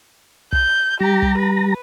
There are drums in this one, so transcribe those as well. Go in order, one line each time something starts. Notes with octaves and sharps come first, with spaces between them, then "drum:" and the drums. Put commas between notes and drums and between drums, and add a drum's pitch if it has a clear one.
G6, drum: kick
G3 G4 A#5
drum: kick
B4